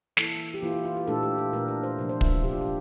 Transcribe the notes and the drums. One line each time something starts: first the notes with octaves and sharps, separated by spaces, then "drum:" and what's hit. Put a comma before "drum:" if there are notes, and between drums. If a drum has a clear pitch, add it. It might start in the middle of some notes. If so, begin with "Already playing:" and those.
E3 A#3 E4 A4, drum: snare
G4
E3 A#3 E4 F4
E4
F4
G4
A#2 A3 D4 A4
G4
F4
A#2 A3 D4 A#4
A#4
C5
C3 F3 A#3 D4 A#4
C5
E5, drum: kick
F4
C3 F3 A#3 D4 G4
F4
G4